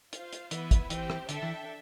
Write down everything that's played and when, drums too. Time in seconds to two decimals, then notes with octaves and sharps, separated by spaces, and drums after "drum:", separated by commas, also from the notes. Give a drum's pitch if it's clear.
0.13 F4 C5 F5, drum: hi-hat
0.33 drum: hi-hat
0.51 E3 B3 E4 B4 E5, drum: hi-hat
0.71 drum: kick, hi-hat
0.90 E3 C4 G4 C5 G5, drum: hi-hat
1.10 drum: rim click
1.29 D3 D4 A4 E5 G5, drum: hi-hat
1.42 E3